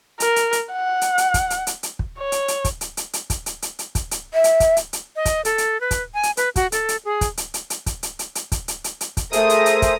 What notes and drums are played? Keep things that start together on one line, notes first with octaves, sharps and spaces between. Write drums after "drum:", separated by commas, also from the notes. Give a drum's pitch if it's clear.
A#4, drum: hi-hat
drum: hi-hat
drum: hi-hat
F#5
drum: hi-hat
drum: hi-hat
drum: kick, hi-hat
drum: hi-hat
drum: hi-hat
drum: hi-hat
drum: kick
C#5
drum: hi-hat
drum: hi-hat
drum: kick, hi-hat
drum: hi-hat
drum: hi-hat
drum: hi-hat
drum: kick, hi-hat
drum: hi-hat
drum: hi-hat
drum: hi-hat
drum: kick, hi-hat
drum: hi-hat
E5
drum: hi-hat
drum: kick, hi-hat
drum: hi-hat
drum: hi-hat
D#5
drum: kick, hi-hat
A4, drum: hi-hat
drum: hi-hat
B4
drum: kick, hi-hat
G#5
drum: hi-hat
B4, drum: hi-hat
F#4, drum: kick, hi-hat
A4, drum: hi-hat
drum: hi-hat
G#4
drum: kick, hi-hat
drum: hi-hat
drum: hi-hat
drum: hi-hat
drum: kick, hi-hat
drum: hi-hat
drum: hi-hat
drum: hi-hat
drum: kick, hi-hat
drum: hi-hat
drum: hi-hat
drum: hi-hat
drum: kick, hi-hat
A3 G#4 A#4 C5 E5 D#6 A#6, drum: hi-hat
drum: hi-hat
drum: hi-hat
drum: kick, hi-hat